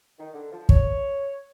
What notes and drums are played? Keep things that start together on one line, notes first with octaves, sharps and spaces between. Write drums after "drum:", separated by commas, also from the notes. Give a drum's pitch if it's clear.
D#3
D3
F3
C#5, drum: kick